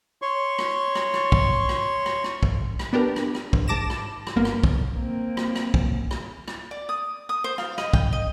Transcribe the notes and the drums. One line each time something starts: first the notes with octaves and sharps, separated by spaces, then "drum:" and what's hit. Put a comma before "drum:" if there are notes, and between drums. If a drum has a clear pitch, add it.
C#5 C6 C#6
drum: rim click
drum: rim click
drum: rim click
drum: kick
drum: rim click
drum: rim click
drum: rim click
drum: kick
drum: rim click
B3 D4 G4 A#4
drum: rim click
drum: rim click
drum: kick
G#2 A5 D6 A#6 E7
drum: rim click
drum: rim click
G1 A#3 B3
drum: rim click
drum: kick
A#3 C4
drum: rim click
drum: rim click
drum: kick
drum: rim click
drum: rim click
D5
D#6
D#6
C5
F5, drum: rim click
D#5, drum: rim click
G5, drum: kick
D#5